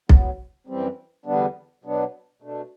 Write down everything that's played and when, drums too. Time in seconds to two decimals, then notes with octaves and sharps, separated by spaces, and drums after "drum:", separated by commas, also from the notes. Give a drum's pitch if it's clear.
0.09 A2 F#3 B3, drum: kick B1
0.67 F#2 E3 G3 C4
1.26 E2 D3 G3 B3 D4
1.84 B2 F#3 B3 D4
2.42 B2 A3 D4